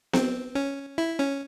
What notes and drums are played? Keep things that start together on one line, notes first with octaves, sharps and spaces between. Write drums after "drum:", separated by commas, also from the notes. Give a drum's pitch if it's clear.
C4, drum: snare B3
C#4
E4
C#4